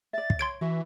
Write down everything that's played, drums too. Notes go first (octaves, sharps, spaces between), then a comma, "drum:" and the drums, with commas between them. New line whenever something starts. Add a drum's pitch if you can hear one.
D5 E5 A6
drum: kick
C#5 C6 G#6 D7
E3 F#4 E5